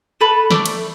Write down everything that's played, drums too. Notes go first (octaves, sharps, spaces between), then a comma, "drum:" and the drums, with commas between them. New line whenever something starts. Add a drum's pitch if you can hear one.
A4 B4
A3 D5, drum: snare
drum: cymbal